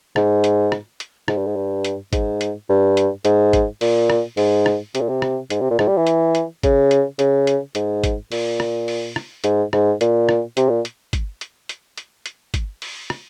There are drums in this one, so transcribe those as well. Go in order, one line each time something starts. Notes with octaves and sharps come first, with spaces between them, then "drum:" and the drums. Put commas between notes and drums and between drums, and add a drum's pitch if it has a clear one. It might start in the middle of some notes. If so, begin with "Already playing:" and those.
G#2, drum: rim click
drum: hi-hat
drum: rim click
drum: hi-hat
G#2, drum: rim click
G2
G#2
G2
drum: hi-hat
G#2, drum: kick, hi-hat
drum: hi-hat
G2
drum: hi-hat
G#2, drum: hi-hat
drum: kick, hi-hat
A#2, drum: open hi-hat
drum: rim click
G#2, drum: open hi-hat
drum: rim click
C3, drum: hi-hat
A#2
C3
drum: rim click
G#2, drum: hi-hat
C3
A#2
G#2, drum: rim click
G3
E3
drum: hi-hat
drum: hi-hat
C#3, drum: kick, hi-hat
drum: hi-hat
C#3, drum: hi-hat
drum: hi-hat
G#2, drum: hi-hat
drum: kick, hi-hat
A#2, drum: open hi-hat
drum: rim click
drum: open hi-hat
drum: rim click
G#2, drum: hi-hat
G#2, drum: rim click
A#2, drum: hi-hat
drum: rim click
C3, drum: hi-hat
A#2
drum: hi-hat
drum: kick, hi-hat
drum: hi-hat
drum: hi-hat
drum: hi-hat
drum: hi-hat
drum: kick, hi-hat
drum: open hi-hat
drum: rim click